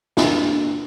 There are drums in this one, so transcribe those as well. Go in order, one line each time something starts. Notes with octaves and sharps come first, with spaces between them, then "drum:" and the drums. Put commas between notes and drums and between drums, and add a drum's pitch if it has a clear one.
D4, drum: snare